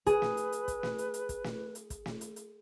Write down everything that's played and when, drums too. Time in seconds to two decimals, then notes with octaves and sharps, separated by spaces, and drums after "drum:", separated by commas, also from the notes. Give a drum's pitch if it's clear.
0.06 G#4 B4, drum: kick, hi-hat
0.22 drum: snare
0.37 drum: hi-hat
0.52 drum: hi-hat
0.68 drum: kick, hi-hat
0.83 drum: snare
0.98 drum: hi-hat
1.14 drum: hi-hat
1.29 drum: kick, hi-hat
1.44 drum: snare
1.75 drum: hi-hat
1.90 drum: kick, hi-hat
2.06 drum: snare
2.21 drum: hi-hat
2.36 drum: hi-hat